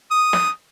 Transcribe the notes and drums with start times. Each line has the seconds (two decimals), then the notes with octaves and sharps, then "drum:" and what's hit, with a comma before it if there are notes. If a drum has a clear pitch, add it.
0.11 D#6
0.33 drum: snare